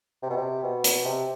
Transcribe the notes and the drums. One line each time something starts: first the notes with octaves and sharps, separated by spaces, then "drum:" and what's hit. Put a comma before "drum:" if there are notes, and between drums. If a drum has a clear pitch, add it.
C3
B2
C3
B2
drum: hi-hat
C3